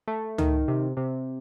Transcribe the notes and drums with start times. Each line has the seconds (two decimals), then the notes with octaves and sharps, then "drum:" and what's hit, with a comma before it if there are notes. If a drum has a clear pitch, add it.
0.08 A3
0.38 D#3, drum: tom C#2
0.68 C3
0.97 C3